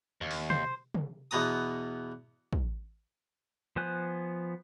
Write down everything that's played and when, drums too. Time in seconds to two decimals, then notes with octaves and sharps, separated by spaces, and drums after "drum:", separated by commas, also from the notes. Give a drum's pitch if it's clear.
0.21 D#2
0.31 drum: open hi-hat
0.50 C5, drum: tom
0.94 drum: tom
1.31 E2 B2 B3 A#5 D#6
2.53 drum: kick
3.76 F3 B3 C5 G#5 F#6